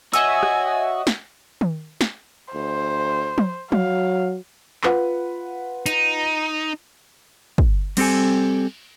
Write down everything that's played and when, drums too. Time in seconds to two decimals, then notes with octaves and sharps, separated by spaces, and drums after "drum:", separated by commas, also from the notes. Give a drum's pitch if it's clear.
0.13 F#4 C#5 D#5 E5 G#5 E6, drum: hi-hat
0.43 drum: rim click
1.07 drum: snare
1.61 drum: tom D#3
2.01 drum: snare
2.54 D2 C5
3.38 drum: tom
3.72 F#3 F5, drum: tom
4.83 F4 B4 F#5, drum: clap
5.86 D#4, drum: hi-hat
7.58 drum: kick
7.97 G3 C4 G4 A4 G#5, drum: cymbal